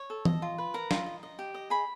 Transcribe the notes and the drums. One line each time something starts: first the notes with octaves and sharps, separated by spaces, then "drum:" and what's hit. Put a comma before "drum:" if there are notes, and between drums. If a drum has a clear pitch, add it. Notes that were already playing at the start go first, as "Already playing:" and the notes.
Already playing: C#5
A4
D#5, drum: tom E3
F4
B4
A#4 A#5
F4, drum: snare
D#5
D#5
G4
D#5
G#4 B5